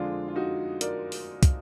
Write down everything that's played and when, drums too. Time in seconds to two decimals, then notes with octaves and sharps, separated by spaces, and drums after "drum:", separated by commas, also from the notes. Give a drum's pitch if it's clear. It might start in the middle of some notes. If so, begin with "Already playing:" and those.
Already playing: F2 D3 G#3 D4 F4
0.28 F4
0.35 D#4 F#4
0.81 A#4 D5, drum: hi-hat
1.12 drum: open hi-hat
1.43 drum: kick, hi-hat